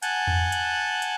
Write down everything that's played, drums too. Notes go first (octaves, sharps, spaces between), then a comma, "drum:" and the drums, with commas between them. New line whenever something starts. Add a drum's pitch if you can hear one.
F#5 G#5 A5 F#6 G6, drum: hi-hat
drum: tom E2
drum: hi-hat
drum: hi-hat